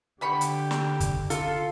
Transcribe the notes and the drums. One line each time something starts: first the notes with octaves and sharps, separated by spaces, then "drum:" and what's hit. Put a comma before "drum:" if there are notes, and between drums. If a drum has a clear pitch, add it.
D3 B3 G4 B5 C#6
drum: hi-hat
drum: snare
drum: kick, hi-hat
F4 A4, drum: hi-hat